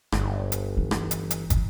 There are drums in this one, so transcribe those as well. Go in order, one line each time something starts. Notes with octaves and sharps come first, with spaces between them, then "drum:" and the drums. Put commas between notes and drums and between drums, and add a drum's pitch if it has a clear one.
G1, drum: rim click
drum: hi-hat
E3
drum: rim click
drum: hi-hat
drum: hi-hat
drum: kick, hi-hat